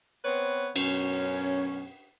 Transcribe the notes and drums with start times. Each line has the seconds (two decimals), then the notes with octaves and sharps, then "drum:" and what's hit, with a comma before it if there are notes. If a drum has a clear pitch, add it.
0.25 B3 C4 B4 C#5
0.76 F#2 B2 C#4, drum: cymbal